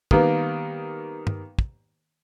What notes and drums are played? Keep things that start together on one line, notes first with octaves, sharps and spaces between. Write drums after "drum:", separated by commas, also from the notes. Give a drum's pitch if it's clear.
D#3 G3 A#3 B3, drum: kick
drum: tom G2
drum: kick